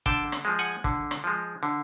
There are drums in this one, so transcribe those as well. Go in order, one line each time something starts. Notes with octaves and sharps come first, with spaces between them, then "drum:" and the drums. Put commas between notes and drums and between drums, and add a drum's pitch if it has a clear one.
D3 G5 A5, drum: kick
drum: rim click
F3 G#3
F#5 G#5
D3, drum: kick
drum: rim click
F3 G#3
D3